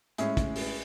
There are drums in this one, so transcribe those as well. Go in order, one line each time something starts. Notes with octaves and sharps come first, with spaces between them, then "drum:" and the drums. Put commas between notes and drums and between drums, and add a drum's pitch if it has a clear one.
A2 G#3 C#4 E4 G#4, drum: hi-hat
drum: kick, hi-hat
drum: open hi-hat